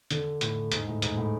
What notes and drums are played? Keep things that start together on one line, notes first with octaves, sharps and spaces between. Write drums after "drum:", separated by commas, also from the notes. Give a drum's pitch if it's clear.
D3, drum: hi-hat
A2, drum: hi-hat
G#2, drum: hi-hat
A2
G#2, drum: hi-hat
A2